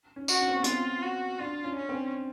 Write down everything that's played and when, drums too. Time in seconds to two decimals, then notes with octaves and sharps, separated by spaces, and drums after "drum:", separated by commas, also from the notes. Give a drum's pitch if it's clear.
0.16 C#4
0.28 F#4, drum: tambourine
0.41 C#4
0.49 C4
0.57 B3
0.64 C4 F4, drum: hi-hat
1.02 F#4
1.39 D4 F4
1.64 C#4
1.76 C#4
1.89 C4